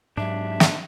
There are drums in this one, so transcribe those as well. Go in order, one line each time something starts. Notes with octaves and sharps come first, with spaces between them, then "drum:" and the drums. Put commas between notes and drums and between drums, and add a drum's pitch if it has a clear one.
G#2 F#3 D4 E5
drum: snare